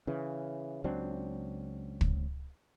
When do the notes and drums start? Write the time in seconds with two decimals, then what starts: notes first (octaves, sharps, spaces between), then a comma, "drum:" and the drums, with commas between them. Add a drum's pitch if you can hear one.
0.07 C#3 E3
0.84 C#2 F#3 C4 D4
2.01 drum: kick